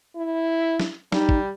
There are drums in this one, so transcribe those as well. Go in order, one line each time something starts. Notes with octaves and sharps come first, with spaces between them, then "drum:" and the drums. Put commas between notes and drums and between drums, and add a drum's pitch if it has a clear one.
E4
drum: snare
G3 D#4, drum: snare
drum: kick